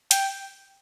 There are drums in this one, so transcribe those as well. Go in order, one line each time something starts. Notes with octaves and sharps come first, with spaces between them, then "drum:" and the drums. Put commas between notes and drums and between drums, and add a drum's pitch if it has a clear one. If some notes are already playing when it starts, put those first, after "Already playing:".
G5, drum: hi-hat